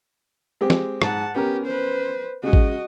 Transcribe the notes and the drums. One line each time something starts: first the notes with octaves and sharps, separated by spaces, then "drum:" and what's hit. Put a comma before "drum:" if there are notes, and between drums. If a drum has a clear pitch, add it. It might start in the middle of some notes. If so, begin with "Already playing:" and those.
G#3 C4 G4
drum: snare
G#2 F#5 A5, drum: rim click
B3 C#4 G4 A#4
B4 C5
C#3 G#3 F#4 D#5
drum: kick G#1